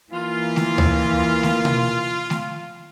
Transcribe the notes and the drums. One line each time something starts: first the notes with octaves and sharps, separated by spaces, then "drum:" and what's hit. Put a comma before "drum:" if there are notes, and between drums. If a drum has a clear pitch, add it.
E3 A#3 F4
drum: snare A3
drum: tom D2
drum: snare A3
drum: tom B2
drum: snare A3